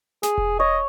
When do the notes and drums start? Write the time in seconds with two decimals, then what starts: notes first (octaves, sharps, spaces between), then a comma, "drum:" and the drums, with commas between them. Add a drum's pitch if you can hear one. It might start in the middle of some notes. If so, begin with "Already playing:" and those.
0.23 G#4, drum: snare
0.38 drum: kick E1
0.60 C#5 D#5